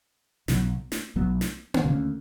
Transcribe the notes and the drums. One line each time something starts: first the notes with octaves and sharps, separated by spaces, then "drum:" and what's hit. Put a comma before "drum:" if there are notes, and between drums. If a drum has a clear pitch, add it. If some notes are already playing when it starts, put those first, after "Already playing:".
B1 B2 F#3 B3, drum: snare
drum: snare
B1 B2 F#3 B3
drum: snare
drum: tom A#3
D2 D3 A3 C#4